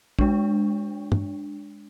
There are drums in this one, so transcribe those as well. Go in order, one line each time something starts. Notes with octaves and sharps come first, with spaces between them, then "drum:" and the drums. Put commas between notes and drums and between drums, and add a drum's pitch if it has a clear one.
G#3 D4, drum: kick
drum: tom